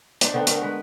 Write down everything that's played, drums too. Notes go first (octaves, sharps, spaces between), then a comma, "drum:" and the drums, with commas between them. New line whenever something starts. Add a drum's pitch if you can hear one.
D4 D#4 C5 D5, drum: hi-hat
D3 B3 C4
A3 B3 A#4, drum: hi-hat
G#3 B4